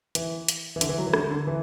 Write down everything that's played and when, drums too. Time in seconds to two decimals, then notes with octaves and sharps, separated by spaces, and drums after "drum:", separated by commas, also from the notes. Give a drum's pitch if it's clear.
0.15 E3, drum: hi-hat
0.48 drum: hi-hat
0.76 E3
0.81 D3, drum: hi-hat
0.89 E3
0.98 F#3
1.06 E3
1.14 D3, drum: rim click
1.31 D3
1.47 E3